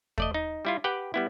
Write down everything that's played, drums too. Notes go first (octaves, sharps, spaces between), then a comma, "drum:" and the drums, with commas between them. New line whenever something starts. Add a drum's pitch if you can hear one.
A3 D5 D#5, drum: kick
D#4
G3 E4 F4
G4 B4 F#5 G5
G3 B3 E4